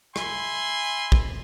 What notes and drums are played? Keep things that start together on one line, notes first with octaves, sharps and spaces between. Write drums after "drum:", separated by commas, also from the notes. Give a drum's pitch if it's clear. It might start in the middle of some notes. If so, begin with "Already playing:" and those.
E5 G#5 B5 C6, drum: rim click
drum: kick